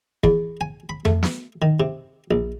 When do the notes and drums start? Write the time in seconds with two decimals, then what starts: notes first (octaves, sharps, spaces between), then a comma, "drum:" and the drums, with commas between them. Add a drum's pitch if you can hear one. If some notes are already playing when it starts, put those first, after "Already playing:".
0.24 E2, drum: kick
0.61 G#5
0.89 B5
1.05 A3, drum: tom F2
1.23 drum: snare
1.62 D#3
1.80 C3
2.31 A#1